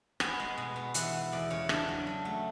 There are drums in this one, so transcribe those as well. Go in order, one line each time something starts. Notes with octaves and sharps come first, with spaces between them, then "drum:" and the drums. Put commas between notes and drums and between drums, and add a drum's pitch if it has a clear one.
B3 G#5, drum: rim click
G#3
B2
B3
E3 F#5, drum: hi-hat
E3
E2 D5
C#3 C#5
C#3 D4, drum: rim click
F#3
F#3
A3